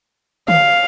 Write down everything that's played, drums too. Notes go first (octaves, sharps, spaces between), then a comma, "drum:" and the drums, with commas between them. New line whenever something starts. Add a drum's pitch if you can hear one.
F5, drum: tom D3